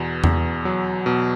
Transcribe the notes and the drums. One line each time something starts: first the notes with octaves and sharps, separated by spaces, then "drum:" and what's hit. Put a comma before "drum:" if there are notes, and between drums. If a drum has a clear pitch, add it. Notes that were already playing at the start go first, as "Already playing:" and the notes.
Already playing: E2 B2
E2, drum: tom E2
F#3
B2